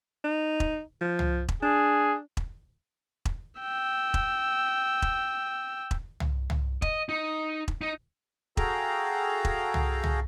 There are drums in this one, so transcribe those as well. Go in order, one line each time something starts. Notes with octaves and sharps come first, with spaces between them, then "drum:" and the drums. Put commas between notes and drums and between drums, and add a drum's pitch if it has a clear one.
D#4
drum: kick E1
F3
drum: tom C2
drum: kick E1
D4 G#4
drum: kick E1
drum: kick E1
G5 E6
drum: kick E1
drum: kick E1
drum: kick E1
drum: tom C2
drum: tom C2
D#5, drum: kick E1
D#4
drum: kick E1
D#4
F#4 G#4 A4 F5 G5 A#5, drum: kick E1
drum: kick E1
drum: tom C2
drum: tom C2